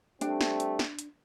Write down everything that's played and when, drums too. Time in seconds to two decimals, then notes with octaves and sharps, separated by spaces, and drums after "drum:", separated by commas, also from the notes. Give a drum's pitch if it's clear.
0.21 G3 A3 C4 D4 G5, drum: hi-hat
0.41 drum: snare
0.60 drum: hi-hat
0.79 drum: snare
0.99 drum: hi-hat